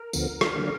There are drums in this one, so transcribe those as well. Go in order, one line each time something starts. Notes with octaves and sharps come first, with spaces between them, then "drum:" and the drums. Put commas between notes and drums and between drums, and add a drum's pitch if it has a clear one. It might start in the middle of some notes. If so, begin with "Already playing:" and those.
Already playing: A#4
D2 D3 F3 B3, drum: tambourine
drum: rim click
D3 F#3 A#3 D4